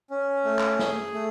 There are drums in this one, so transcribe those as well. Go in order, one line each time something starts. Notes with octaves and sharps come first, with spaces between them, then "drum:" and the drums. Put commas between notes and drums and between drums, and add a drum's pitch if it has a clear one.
C#4
A3
drum: clap
G#4, drum: snare
A3